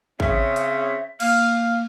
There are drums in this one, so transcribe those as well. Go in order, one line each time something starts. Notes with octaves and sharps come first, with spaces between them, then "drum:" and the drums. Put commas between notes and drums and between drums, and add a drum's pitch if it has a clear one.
C#3 C4 E5, drum: kick
drum: hi-hat
A#3 F5, drum: cymbal